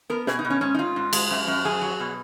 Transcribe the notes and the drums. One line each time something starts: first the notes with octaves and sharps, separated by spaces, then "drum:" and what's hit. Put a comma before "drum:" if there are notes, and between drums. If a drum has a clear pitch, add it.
B3 A#4
B2 G#4, drum: snare
D#4
B2
C#4
G#2 C#4
D#4
G#2 F4
G#2
G#3, drum: cymbal
F#2
F#2
F#3 G#4
F#3
B2